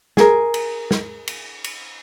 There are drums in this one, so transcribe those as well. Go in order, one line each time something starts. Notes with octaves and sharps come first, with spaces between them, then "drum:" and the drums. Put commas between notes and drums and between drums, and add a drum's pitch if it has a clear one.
G#4 A#4, drum: snare
drum: cymbal
drum: snare
drum: cymbal
drum: cymbal